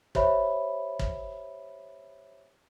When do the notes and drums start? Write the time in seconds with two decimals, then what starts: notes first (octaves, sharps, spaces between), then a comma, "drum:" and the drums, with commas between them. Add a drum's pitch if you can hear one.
0.15 G4 C5 C#5 E5 B5, drum: kick
0.99 drum: kick